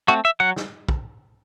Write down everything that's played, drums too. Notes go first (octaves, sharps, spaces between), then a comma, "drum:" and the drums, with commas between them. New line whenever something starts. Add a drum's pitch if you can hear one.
A3 C4 F#4
E5
F#3 F#5
drum: snare
drum: kick